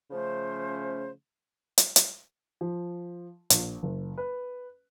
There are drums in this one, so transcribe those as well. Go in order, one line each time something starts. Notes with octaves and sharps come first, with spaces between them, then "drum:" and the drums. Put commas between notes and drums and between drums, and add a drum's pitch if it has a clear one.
C#3 F3 A3 C#4 C5
drum: hi-hat
drum: hi-hat
F3
A#1, drum: hi-hat
F#1
B4